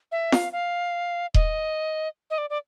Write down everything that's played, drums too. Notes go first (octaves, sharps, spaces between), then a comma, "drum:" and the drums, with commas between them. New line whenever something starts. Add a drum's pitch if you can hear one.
E5
F5, drum: snare
F5
D#5, drum: kick D#1
D#5
D5
D5